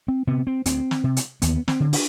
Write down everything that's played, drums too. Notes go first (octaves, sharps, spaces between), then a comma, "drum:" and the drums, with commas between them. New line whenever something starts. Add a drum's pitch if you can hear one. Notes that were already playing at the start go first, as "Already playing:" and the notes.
C4
C3 B3
C4
D2 C4, drum: hi-hat
drum: snare
C3
drum: hi-hat
D#2 B3, drum: hi-hat
C4, drum: snare
D3
D4, drum: open hi-hat